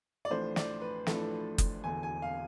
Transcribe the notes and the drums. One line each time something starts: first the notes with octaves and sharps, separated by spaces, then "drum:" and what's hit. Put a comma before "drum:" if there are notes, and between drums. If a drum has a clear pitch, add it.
D5
A1 A2 F3 A3 D4 C5
D5, drum: snare
B4
A1 A2 F3 A3 D4 A4, drum: snare
drum: kick F#1, hi-hat
E1 E2 D3 G#5
G#5
F5